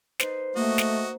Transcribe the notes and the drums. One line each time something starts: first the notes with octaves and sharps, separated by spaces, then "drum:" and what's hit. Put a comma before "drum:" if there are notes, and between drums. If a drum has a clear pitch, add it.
D#4 B4 C5, drum: snare
A3 A#3 F#4 D#5
drum: snare